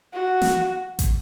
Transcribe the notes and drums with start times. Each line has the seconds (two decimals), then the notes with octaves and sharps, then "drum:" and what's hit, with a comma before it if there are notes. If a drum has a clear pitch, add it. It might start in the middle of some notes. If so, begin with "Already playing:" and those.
0.13 F#4
0.42 drum: snare
0.99 drum: kick A1, hi-hat